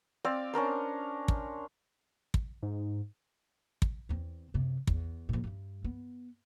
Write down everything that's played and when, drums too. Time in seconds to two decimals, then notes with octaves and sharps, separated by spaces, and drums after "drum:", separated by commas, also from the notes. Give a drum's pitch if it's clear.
0.25 C4 D5 F5
0.53 C#4 D4 A#4 C5
1.28 drum: kick
2.34 drum: kick
2.63 G#2
3.82 drum: kick
4.09 E2 C4
4.54 F#2 C3
4.87 E2, drum: kick
5.29 F2 A#2
5.44 G2 G3
5.84 B3